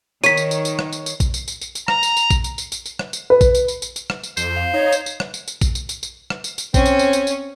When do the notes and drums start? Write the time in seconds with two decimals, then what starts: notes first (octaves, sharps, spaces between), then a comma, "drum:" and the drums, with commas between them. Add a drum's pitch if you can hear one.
0.24 D#3 C#5 B6 D#7, drum: tambourine
0.37 drum: tambourine
0.51 drum: tambourine
0.65 drum: tambourine
0.79 drum: rim click
0.93 drum: tambourine
1.06 drum: tambourine
1.20 drum: kick A#1, tambourine
1.34 drum: tambourine
1.48 drum: tambourine
1.61 drum: tambourine
1.75 drum: tambourine
1.88 A#5, drum: rim click
2.03 drum: tambourine
2.17 drum: tambourine
2.30 drum: kick A#1, tambourine
2.44 drum: tambourine
2.58 drum: tambourine
2.72 drum: tambourine
2.86 drum: tambourine
2.99 drum: rim click
3.13 drum: tambourine
3.30 B4
3.41 drum: kick A#1, tambourine
3.55 drum: tambourine
3.68 drum: tambourine
3.82 drum: tambourine
3.96 drum: tambourine
4.10 drum: rim click
4.24 drum: tambourine
4.37 F2 C5, drum: tambourine
4.56 F5
4.74 D#4 C#5
4.92 drum: tambourine
5.06 drum: tambourine
5.20 drum: rim click
5.34 drum: tambourine
5.48 drum: tambourine
5.61 drum: kick A#1, tambourine
5.75 drum: tambourine
5.89 drum: tambourine
6.03 drum: tambourine
6.30 drum: rim click
6.44 drum: tambourine
6.58 drum: tambourine
6.74 C4 C#4 C#5, drum: kick A#1, tambourine
6.86 drum: tambourine
6.99 drum: tambourine
7.13 drum: tambourine
7.27 drum: tambourine